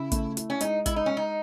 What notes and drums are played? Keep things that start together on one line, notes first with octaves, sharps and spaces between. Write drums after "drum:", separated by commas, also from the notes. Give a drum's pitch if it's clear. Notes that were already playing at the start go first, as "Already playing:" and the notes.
Already playing: C#3 E4
A3, drum: kick, hi-hat
E4, drum: hi-hat
C#4
G#3 D#4, drum: hi-hat
G#3 E4, drum: kick, hi-hat
D#4
G#3 C#4
D#4